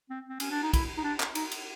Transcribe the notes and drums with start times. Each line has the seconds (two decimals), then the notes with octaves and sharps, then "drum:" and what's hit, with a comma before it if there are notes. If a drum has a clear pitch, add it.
0.10 C4
0.29 C4
0.40 C#4, drum: cymbal
0.51 D4
0.63 D#4
0.74 E4, drum: kick, cymbal
0.98 D#4
1.04 D4
1.20 drum: clap
1.35 D#4, drum: cymbal
1.52 drum: cymbal